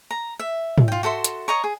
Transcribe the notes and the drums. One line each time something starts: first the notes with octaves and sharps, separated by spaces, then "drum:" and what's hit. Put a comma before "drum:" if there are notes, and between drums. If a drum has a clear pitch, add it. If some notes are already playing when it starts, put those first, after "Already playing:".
A#5
E5
drum: tom
F4 G5
F#4 A4 E5 C6
drum: hi-hat
C#5 D#5 A#5 C#6
G#4